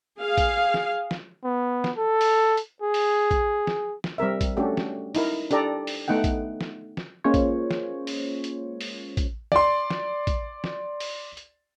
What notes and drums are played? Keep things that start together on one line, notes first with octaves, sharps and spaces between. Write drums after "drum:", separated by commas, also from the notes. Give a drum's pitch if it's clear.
G#4 F5
drum: kick, hi-hat
drum: snare
drum: snare
B3
drum: snare
A4
drum: open hi-hat
drum: hi-hat
G#4
drum: open hi-hat
drum: kick, hi-hat
drum: snare
drum: snare
G3 C4 A#4 E5
drum: kick, hi-hat
A3 C#4 D4 F#4 G4 A4
drum: snare
D#4 E4 A#4, drum: open hi-hat
D4 G4 A4 D5 A#5, drum: hi-hat
drum: open hi-hat
A3 B3 D#4 F#5 G5
drum: kick, hi-hat
drum: snare
drum: snare
G#3 A#3 C#4 F4 C5 C#5
drum: kick, hi-hat
drum: snare
drum: open hi-hat
drum: hi-hat
drum: open hi-hat
drum: kick, hi-hat
D5 C6, drum: snare
drum: snare
drum: kick, hi-hat
drum: snare
drum: open hi-hat
drum: hi-hat